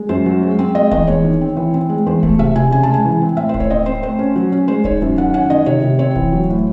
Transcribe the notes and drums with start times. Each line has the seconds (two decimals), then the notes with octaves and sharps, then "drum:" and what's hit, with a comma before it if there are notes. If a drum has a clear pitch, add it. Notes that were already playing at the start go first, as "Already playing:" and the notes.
Already playing: G#3
0.09 F#2 C5
0.26 F#3
0.43 G#3
0.59 C4
0.75 G#3 D#5
0.91 E2 D#5, drum: kick D1
1.07 E2 C#5
1.24 D#3
1.41 C4
1.57 E3
1.74 C4
1.89 G#3
2.06 E2 C5
2.23 A3, drum: kick D1
2.39 C3 E5
2.56 C3 G#5
2.71 C#3 G#5
2.83 A5
2.89 G#3 G#5
3.05 E3
3.22 C4
3.37 A2 E5
3.49 C5
3.54 A2, drum: kick D1
3.60 C#5
3.70 C4 D#5
3.86 C4 C5
4.02 A3 C5
4.19 C#4
4.36 F#3
4.52 C#4
4.68 G#3 C5
4.84 G#2 C#5, drum: kick D1
5.02 F#2
5.17 D#3 F#5
5.33 C#4 F#5
5.50 D#3 D#5
5.66 C3 C#5
5.83 C3
5.99 C4 C#5
6.16 E3, drum: kick D1
6.32 F#3
6.49 A2